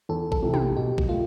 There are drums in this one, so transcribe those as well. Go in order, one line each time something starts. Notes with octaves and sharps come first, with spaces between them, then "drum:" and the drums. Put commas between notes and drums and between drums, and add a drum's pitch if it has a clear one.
E2 A4
A4, drum: kick A#1
C3 E3
G4, drum: tom
B2 G4
drum: kick A#1
A3 F4